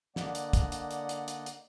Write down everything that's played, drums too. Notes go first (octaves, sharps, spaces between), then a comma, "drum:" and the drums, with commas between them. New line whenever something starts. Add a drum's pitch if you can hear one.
D3 A#3 D5 D#5 F#5, drum: snare
drum: hi-hat
drum: kick, hi-hat
drum: hi-hat
drum: hi-hat
drum: hi-hat
drum: hi-hat
drum: hi-hat